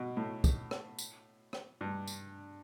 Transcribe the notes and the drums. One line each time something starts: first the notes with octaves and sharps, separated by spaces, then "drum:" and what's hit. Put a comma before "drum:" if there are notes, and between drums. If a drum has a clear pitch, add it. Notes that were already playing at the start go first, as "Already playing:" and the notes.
Already playing: B2
A2
drum: kick, tambourine
drum: rim click
drum: tambourine
drum: rim click
G2
drum: tambourine